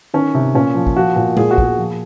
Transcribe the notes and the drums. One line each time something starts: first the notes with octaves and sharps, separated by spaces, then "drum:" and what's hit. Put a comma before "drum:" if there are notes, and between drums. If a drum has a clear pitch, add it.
D#3 C#4
C3
A#2 C#4
F3
drum: kick
F3 F#4
A#2
A#2 G#4, drum: tom G#3
F#4
A#2, drum: kick
G#4
F3